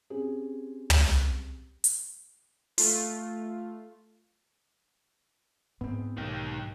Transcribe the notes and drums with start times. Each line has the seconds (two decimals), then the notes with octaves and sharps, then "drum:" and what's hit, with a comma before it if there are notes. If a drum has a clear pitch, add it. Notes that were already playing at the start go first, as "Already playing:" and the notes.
0.10 C4 C#4 G4 G#4
0.90 drum: tom
1.84 drum: hi-hat
2.78 A3 F4, drum: open hi-hat
5.81 G#2 B3 C4
6.17 B1 D#3 G#3 G4